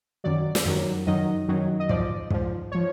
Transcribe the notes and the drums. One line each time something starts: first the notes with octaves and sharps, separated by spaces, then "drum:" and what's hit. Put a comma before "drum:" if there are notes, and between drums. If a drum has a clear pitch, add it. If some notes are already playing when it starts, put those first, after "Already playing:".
F#2 D#3 F#3 D5
drum: snare
F#2 D#3 F#3
F#2 D#3 F#3 D#5
F#2 D#3 F#3
D#5
G#2 F3 D5, drum: kick
G#2 F3, drum: kick
F3 C#5